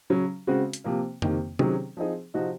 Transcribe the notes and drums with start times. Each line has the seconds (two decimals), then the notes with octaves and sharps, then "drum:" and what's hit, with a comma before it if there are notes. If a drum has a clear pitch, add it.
0.10 C#3 F#3 C#4
0.47 C#3 G#3 C4 F#4
0.73 drum: hi-hat
0.84 C3 F3 A#3
1.22 C3 D#3 A#3, drum: tom F2
1.59 C3 D#3 F#3 C#4 G#4, drum: tom C3
1.97 F3 C4 D#4 G#4
2.34 C3 F3 C4 D#4 F#4